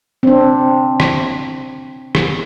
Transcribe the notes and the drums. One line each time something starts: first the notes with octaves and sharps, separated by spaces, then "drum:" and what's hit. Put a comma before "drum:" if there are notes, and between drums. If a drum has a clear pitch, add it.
C4 D4
drum: rim click
drum: rim click